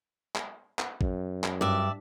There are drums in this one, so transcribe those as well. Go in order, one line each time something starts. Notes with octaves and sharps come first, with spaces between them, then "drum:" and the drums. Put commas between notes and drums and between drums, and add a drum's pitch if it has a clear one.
drum: clap
drum: clap
F#2, drum: kick A1
drum: clap
G2 D5 E5